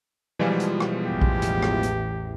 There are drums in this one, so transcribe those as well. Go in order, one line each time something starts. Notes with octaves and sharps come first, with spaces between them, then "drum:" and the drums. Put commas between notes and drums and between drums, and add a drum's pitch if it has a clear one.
B2 E3 F3 G3 G#3
drum: hi-hat
drum: rim click
A1 E2 G4
drum: kick A#1
drum: hi-hat
drum: rim click
drum: hi-hat